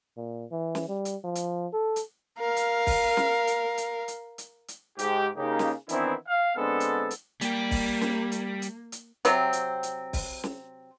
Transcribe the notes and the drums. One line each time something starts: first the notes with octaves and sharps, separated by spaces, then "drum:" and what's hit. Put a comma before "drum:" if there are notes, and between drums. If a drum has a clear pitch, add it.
A#2
E3
drum: snare
G3
drum: hi-hat
F3
drum: hi-hat
A4
drum: hi-hat
A#4 F5
drum: hi-hat
drum: kick, open hi-hat
drum: snare
drum: hi-hat
drum: hi-hat
drum: hi-hat
drum: hi-hat
drum: hi-hat
G#2 G4, drum: hi-hat
C#3 A#3 D#4 G4
drum: snare
D#3 E3 B3 C4 D4 E4, drum: hi-hat
F5
D3 G#3 B3 C4 D4 A4
drum: hi-hat
drum: hi-hat
G3 A#3 G4, drum: hi-hat
drum: kick, open hi-hat
drum: snare
drum: hi-hat
drum: hi-hat
drum: hi-hat
C3 F#3 C4, drum: hi-hat
drum: hi-hat
drum: hi-hat
drum: kick, open hi-hat
drum: snare